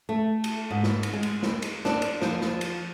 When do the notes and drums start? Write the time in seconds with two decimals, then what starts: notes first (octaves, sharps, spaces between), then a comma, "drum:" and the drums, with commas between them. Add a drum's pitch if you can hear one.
0.09 A3
0.44 drum: cymbal
0.71 G#2
0.83 drum: snare
1.03 drum: cymbal
1.13 G#3
1.23 drum: cymbal
1.43 drum: snare
1.62 drum: cymbal
1.85 D4, drum: snare
2.02 drum: cymbal
2.22 F3, drum: snare
2.41 drum: snare
2.61 drum: cymbal